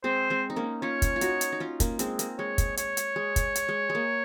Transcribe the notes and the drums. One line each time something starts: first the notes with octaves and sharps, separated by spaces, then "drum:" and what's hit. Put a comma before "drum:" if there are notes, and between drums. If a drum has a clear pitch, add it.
G#3 C4 C5
G#3 C4
D#4
A#3 C#4
C#4 F4 C#5
drum: kick, hi-hat
F4
D#4 F#4, drum: hi-hat
drum: hi-hat
D#4
C#4 F4
A#3 C#4, drum: kick, hi-hat
G#3 C4, drum: hi-hat
A#3, drum: hi-hat
G#3 C#5
drum: kick, hi-hat
C#5, drum: hi-hat
drum: hi-hat
G#3
drum: kick, hi-hat
drum: hi-hat
G#3
G#3
A#3